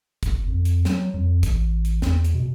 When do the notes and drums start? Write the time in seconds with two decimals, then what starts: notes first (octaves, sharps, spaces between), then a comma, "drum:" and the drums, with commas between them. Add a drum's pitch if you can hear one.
0.23 G1, drum: kick, hi-hat
0.47 F2
0.65 drum: hi-hat
0.85 F#3, drum: snare
1.14 F2
1.43 A1, drum: kick, hi-hat
1.85 drum: hi-hat
2.02 E2, drum: snare
2.25 drum: hi-hat
2.35 B2